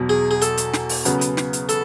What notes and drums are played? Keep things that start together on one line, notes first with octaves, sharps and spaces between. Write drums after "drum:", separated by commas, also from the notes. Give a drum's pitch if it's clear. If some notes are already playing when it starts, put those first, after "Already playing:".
Already playing: E2 B2 F#3
G#4
G#4
A4, drum: hi-hat
drum: hi-hat
drum: snare
drum: open hi-hat
C#3 F#3 B3, drum: hi-hat
drum: hi-hat
drum: snare
drum: hi-hat
A4, drum: hi-hat